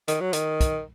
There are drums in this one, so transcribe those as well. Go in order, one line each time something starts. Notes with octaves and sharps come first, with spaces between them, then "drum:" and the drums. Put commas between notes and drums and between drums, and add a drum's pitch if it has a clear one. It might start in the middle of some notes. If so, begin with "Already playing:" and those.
D#3, drum: hi-hat
F#3
D#3, drum: hi-hat
drum: kick, hi-hat